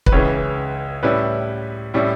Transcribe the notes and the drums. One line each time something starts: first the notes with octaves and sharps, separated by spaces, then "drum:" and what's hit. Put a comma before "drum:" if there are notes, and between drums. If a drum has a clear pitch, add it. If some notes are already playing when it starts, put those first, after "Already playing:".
B4, drum: kick
C#2 C#3 E3 C#5
A2 G3 C#4 E4 B4
A2 G3 C#4 E4